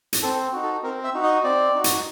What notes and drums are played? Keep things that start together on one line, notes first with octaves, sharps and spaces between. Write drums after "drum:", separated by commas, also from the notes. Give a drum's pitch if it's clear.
drum: hi-hat
C4 A4
D#4 F#4
A4
C4 A#4
E5
D#4 F#4
D#5
C4 D5
D#4 F#4
drum: hi-hat